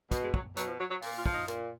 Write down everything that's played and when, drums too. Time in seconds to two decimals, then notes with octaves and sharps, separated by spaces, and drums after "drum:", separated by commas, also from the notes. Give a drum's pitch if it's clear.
0.11 B2, drum: kick, hi-hat
0.23 G#3
0.34 F#3, drum: kick
0.57 B2 F#3, drum: hi-hat
0.68 F3
0.80 F#3
0.91 F#3
1.02 A#2 A#3, drum: open hi-hat
1.18 F4
1.26 F3, drum: kick
1.33 D#4
1.48 A#2, drum: hi-hat